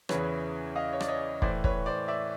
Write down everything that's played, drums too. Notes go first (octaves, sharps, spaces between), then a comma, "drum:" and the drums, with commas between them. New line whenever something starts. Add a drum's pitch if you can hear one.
E2 C#3 E3 B4 C#5, drum: rim click
D#5 F5
C#5
D5, drum: rim click
C#5 D#5
A2 E3 C5 D5, drum: kick
B4 C#5, drum: kick
C5 D5
D5 E5